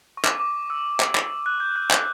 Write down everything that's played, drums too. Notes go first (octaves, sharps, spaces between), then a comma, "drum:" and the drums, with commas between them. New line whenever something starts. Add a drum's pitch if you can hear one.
C#6
D6, drum: clap
D6
E6
drum: clap
drum: clap
F#6
G6
F#6
drum: clap